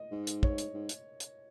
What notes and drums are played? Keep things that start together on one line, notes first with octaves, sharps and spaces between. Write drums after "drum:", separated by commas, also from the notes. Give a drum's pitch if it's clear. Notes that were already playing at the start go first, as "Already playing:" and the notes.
Already playing: D#5
G#2
drum: hi-hat
C#5, drum: kick
drum: hi-hat
G#2
drum: hi-hat
drum: hi-hat